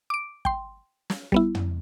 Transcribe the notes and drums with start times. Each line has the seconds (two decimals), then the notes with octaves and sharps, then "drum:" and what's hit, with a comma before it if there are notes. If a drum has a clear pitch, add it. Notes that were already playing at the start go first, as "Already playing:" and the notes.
0.10 D6 D7
0.45 G5 C6, drum: kick
1.10 drum: snare
1.32 G3 B3 E4, drum: kick
1.55 drum: tom